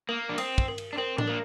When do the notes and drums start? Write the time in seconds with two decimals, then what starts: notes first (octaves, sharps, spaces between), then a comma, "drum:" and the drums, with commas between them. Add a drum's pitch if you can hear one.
0.09 A#3 A#4
0.29 D4
0.38 C4 D#6, drum: cymbal
0.58 drum: kick
0.68 A#4
0.78 drum: cymbal
0.93 D4
0.98 C4 A#4
1.18 D4, drum: tom A2
1.27 A#3 A#4